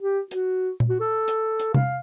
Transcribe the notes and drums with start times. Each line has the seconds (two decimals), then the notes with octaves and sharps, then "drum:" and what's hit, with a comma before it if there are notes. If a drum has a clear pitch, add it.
0.01 G4
0.31 F#4, drum: hi-hat
0.80 drum: tom A#2
0.89 F#4
1.01 A4
1.28 drum: hi-hat
1.60 drum: hi-hat
1.74 F5, drum: tom C3